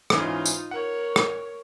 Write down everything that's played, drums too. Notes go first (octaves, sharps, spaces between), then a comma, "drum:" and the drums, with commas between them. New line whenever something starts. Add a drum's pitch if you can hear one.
G#2 E3 C#4 D#4 F4, drum: rim click
drum: tambourine
A#4 C#5 F#5
drum: rim click